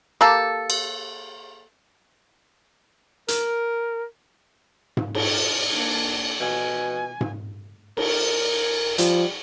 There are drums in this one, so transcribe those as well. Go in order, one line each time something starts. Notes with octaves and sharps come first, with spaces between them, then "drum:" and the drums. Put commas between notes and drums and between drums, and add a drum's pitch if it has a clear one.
A#3 G4 A4
drum: cymbal
A#4, drum: hi-hat
drum: tom G#2
drum: cymbal
A#3 D4
B2 G#5
drum: tom G#2
A#4, drum: cymbal
F3 G3, drum: hi-hat